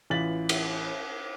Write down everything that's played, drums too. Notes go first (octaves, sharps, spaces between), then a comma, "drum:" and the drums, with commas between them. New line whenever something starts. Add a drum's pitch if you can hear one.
A1 E3 F4 A6 B6 F#7
drum: cymbal